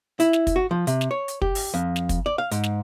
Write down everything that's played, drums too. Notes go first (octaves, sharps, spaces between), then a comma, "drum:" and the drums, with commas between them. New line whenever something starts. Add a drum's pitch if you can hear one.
E4, drum: hi-hat
drum: snare
drum: kick, hi-hat
F#4
F3
C3, drum: hi-hat
drum: snare
C#5
drum: hi-hat
G4, drum: kick
drum: open hi-hat
F2
drum: snare
drum: kick, hi-hat
D5
F5
G#2, drum: hi-hat
drum: snare